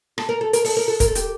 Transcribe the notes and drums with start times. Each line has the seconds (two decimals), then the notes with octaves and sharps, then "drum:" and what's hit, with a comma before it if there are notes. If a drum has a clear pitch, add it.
0.18 A4, drum: rim click
0.29 A#4
0.41 A4
0.53 A#4, drum: hi-hat
0.65 A4, drum: open hi-hat
0.77 A#4
0.88 A4
1.00 A#4, drum: kick, hi-hat
1.08 A4
1.15 G4, drum: hi-hat